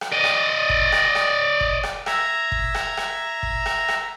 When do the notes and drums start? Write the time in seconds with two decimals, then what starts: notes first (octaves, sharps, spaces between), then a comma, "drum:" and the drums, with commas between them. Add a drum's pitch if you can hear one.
0.01 drum: rim click
0.13 D5 D#5
0.24 drum: rim click
0.70 drum: kick
0.92 drum: rim click
1.15 drum: rim click
1.61 drum: kick
1.83 drum: rim click
2.06 E5 A#5 G#6, drum: rim click
2.52 drum: kick
2.75 drum: rim click
2.97 drum: rim click
3.43 drum: kick
3.66 drum: rim click
3.88 drum: rim click